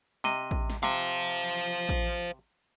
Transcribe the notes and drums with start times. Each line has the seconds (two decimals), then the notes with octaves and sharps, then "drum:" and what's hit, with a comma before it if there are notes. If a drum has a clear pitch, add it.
0.24 C3 D#5, drum: snare
0.51 drum: kick A1
0.70 drum: snare
0.83 C3 C5 F5, drum: snare
1.89 drum: kick A1